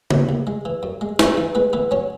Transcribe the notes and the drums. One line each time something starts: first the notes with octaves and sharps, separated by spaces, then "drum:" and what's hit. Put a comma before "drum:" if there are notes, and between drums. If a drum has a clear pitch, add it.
D#2 F#3 F#4, drum: tom C#3
D#2
G#3
E3
F#2
G#3
F#2 G#3 G#4, drum: snare
E3
G#3 B3 B4
E3 B3 B4
F#3 C#4 C#5